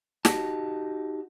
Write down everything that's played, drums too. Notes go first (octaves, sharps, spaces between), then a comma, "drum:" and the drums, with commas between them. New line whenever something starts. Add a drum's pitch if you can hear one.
D#4 F#4 G4 F#5 A5, drum: snare